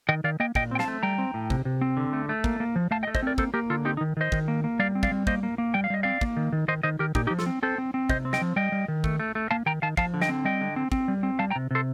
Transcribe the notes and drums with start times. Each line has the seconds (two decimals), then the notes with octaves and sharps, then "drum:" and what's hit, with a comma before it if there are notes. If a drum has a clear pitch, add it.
0.09 D#3 D#5 G5
0.24 D#3 D5 F5
0.40 A#3 D#5 G5
0.55 A#2 D#5 G5, drum: kick
0.71 C4 G5
0.79 F5 A5, drum: snare
0.88 A3
1.03 G3 G5 A#5
1.18 C4
1.34 A2
1.50 C3, drum: kick
1.65 C3
1.81 C4
1.97 D3
2.13 A3
2.29 A3
2.44 A#3, drum: kick
2.60 A#3
2.76 F3
2.91 A3 F5 A5
3.03 D#5 G5
3.07 A3
3.15 C5 D#5, drum: kick
3.23 C4 A#4 D5
3.38 A#3 A4 C5, drum: kick
3.54 A#3 G4 A#4
3.70 D3 F4 A4
3.85 C4 D#4 G4
3.97 D#4
4.01 D#3
4.17 D#3 C5 D#5
4.32 D#3, drum: kick
4.48 A#3
4.64 A#3
4.79 G3 D5 F5
4.95 C4
5.03 D5 F5, drum: kick
5.12 G3
5.27 A#3 C5 D#5, drum: kick
5.43 A#3
5.58 A#3
5.74 G3 G5
5.84 F5
5.90 G3 D#5
6.03 C4 D5 F5
6.21 A#3, drum: kick
6.37 D#3
6.52 D#3
6.68 D#3 C5 D#5
6.83 D#3 C5 D#5
6.99 D#3 G4 A#4
7.15 A#2 D#4 G4, drum: kick
7.27 D#4 G4
7.30 F3
7.39 F4 A4, drum: snare
7.46 C4
7.63 C4 A4 C5
7.78 C4
7.94 C4
8.09 C3 C5 D#5, drum: kick
8.25 C4
8.33 D#5 G5, drum: snare
8.42 F3
8.56 G3 D#5 G5
8.72 G3
8.88 D#3
9.04 A3, drum: kick
9.20 A3
9.35 A3
9.51 A#3 F5 A5
9.66 D#3 G5 A#5
9.82 D#3 F5 A5
9.97 F3 F5 A5, drum: kick
10.14 D3
10.22 D#5 G5, drum: snare
10.29 C4
10.45 G3 D#5 G5
10.61 D3
10.76 C4
10.92 C4, drum: kick
11.08 G3
11.23 C4
11.39 G3 F5 A5
11.50 G5 A#5
11.56 C3
11.71 C3 A4 C5